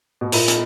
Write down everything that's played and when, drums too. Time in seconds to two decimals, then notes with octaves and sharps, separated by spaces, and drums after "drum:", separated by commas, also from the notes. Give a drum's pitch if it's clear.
0.21 B2
0.32 A#2 E4 A#4 D#5, drum: open hi-hat
0.48 drum: hi-hat